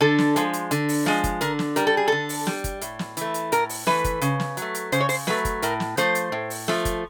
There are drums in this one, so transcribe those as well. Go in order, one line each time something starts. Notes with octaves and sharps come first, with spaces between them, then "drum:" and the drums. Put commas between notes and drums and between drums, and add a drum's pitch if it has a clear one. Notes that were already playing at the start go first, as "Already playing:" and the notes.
D3 A4
drum: snare
F3 G#3, drum: hi-hat
drum: hi-hat
D3, drum: hi-hat
drum: open hi-hat
F3 G#3, drum: snare
drum: kick, hi-hat
D3 A#4, drum: hi-hat
drum: snare
G3 A#4, drum: hi-hat
A4
G#4
D3 A4
drum: open hi-hat
G3, drum: snare
drum: kick, hi-hat
A2, drum: hi-hat
drum: snare
E3 A3, drum: hi-hat
drum: hi-hat
A2 A#4, drum: hi-hat
drum: open hi-hat
E3 A3 B4, drum: snare
drum: kick, hi-hat
C#3, drum: hi-hat
drum: snare
F#3 A3, drum: hi-hat
drum: hi-hat
C#3 C5, drum: hi-hat
C#5
C5, drum: open hi-hat
F#3 A3 B4, drum: snare
drum: kick, hi-hat
A2 A#4, drum: hi-hat
drum: snare
F3 A3 C5, drum: hi-hat
drum: hi-hat
A2
drum: open hi-hat
F3 A3, drum: snare
drum: kick, hi-hat